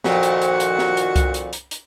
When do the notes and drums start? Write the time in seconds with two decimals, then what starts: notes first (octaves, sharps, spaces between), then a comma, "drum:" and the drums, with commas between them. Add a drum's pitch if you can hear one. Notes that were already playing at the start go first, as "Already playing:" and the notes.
0.04 F2 A#2 D#3 F#4, drum: snare
0.23 drum: hi-hat
0.41 drum: hi-hat
0.60 drum: hi-hat
0.79 drum: snare
0.97 drum: hi-hat
1.16 drum: kick C2, hi-hat
1.34 drum: hi-hat
1.53 drum: hi-hat
1.71 drum: hi-hat